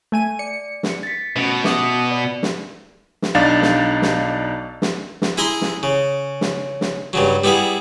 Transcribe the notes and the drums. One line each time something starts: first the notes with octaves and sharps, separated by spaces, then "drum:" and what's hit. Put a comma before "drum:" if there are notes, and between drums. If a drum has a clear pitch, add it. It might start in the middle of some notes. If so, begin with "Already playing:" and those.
A3 G#5 D#7
D5 C#7
drum: snare
A6 B6
B2 A3 C#4 B4
E5 D6 D#6, drum: snare
D5
drum: snare
drum: snare
B1 D4 D#4 F5 A6
drum: snare
drum: snare
drum: snare
drum: snare
E4 G#4 A#5 C6
drum: snare
C#3
drum: snare
drum: snare
G2 C#3 F#3
G3 B3 E4 G#4